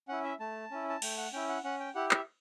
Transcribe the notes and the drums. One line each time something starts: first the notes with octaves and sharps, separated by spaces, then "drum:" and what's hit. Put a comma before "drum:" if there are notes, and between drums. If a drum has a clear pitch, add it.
C#4 E4 F#5
E5
A3 A5
C#4 E4
A5
A3 G5, drum: cymbal
F#5
C#4 E4 G5
F#5
C#4 F#5
G5
E4 G4 F#5
E5, drum: clap